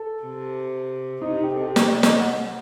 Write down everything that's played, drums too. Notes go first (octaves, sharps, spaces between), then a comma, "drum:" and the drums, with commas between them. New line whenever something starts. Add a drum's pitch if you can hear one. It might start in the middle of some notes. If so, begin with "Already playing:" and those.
Already playing: A4
C3
C3 D#4
D#4
G4
C3 A4
G4
G4, drum: snare
D5
D#5, drum: snare
F#5